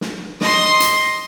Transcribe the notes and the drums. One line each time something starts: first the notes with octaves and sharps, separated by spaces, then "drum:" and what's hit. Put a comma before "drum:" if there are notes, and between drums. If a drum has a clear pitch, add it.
drum: snare
D#5 C6, drum: snare
drum: hi-hat